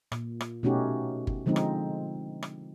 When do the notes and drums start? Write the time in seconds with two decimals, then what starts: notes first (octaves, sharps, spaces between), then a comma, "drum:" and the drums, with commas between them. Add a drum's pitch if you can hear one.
0.12 A#2, drum: rim click
0.41 drum: rim click
0.63 B2 A3 C#4 D#4 F#4 G4
1.27 drum: kick G1
1.46 D3 F3 G#3 C4 D#4
1.56 drum: rim click
2.43 drum: rim click